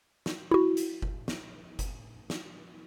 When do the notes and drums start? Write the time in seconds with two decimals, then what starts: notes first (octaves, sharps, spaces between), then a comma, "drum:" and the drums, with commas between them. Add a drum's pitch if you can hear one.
0.26 drum: snare
0.51 E4 F#4
0.77 drum: hi-hat
1.02 drum: kick F#1
1.28 drum: snare
1.79 drum: kick F#1, hi-hat
2.30 drum: snare